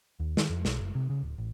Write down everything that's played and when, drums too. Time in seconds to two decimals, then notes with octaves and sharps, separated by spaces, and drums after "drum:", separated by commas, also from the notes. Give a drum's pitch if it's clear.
0.20 D#2
0.37 D#3, drum: snare
0.50 F2
0.65 B1, drum: snare
0.79 F#1
0.95 C3
1.10 C#3
1.23 D1
1.38 A1